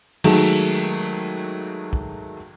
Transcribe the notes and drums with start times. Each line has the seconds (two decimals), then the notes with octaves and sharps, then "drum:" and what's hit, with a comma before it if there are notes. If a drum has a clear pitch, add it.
0.24 D#3 F#3 G#3 A3, drum: cymbal
1.93 drum: kick